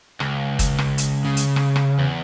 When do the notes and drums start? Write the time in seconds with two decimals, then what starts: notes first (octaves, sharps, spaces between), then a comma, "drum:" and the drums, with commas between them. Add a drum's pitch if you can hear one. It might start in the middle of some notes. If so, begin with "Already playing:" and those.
0.20 C#2, drum: rim click
0.59 drum: kick, hi-hat
0.78 drum: rim click
0.98 drum: hi-hat
1.25 C#3
1.37 drum: hi-hat
1.56 drum: rim click
1.76 drum: rim click
1.99 E2